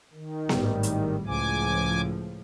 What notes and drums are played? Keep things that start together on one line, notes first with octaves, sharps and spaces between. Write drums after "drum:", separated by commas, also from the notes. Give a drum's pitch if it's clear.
D#3
G#1 A2 G3, drum: snare B3
drum: hi-hat
C#2 A2 F3 G#5 D6